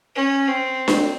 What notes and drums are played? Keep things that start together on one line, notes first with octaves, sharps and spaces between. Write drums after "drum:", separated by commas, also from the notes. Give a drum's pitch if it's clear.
C#4
C4
drum: snare D4